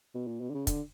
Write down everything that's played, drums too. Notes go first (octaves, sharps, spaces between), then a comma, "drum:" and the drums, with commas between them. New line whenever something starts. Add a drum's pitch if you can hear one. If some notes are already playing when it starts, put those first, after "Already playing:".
B2
A#2
B2
D3
C#3
D3, drum: kick, hi-hat